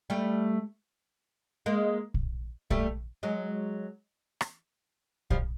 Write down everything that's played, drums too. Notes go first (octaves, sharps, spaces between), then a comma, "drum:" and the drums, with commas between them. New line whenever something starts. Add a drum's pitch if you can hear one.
G3 A3
G#3 A#3
drum: kick A#1
G3 A3, drum: kick A#1
F#3 G#3
drum: rim click
F3 G3, drum: kick A#1